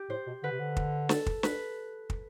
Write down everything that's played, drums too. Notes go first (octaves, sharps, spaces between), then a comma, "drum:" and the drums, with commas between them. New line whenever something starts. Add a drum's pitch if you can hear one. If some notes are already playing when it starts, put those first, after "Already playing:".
Already playing: G4
A2 C5
B2
D3 B4
C3
D3
drum: kick
A4, drum: snare
drum: kick
B4, drum: snare
drum: kick